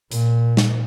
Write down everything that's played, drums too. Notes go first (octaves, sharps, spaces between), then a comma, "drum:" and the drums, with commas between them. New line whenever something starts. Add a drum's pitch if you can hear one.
A#2, drum: hi-hat
drum: snare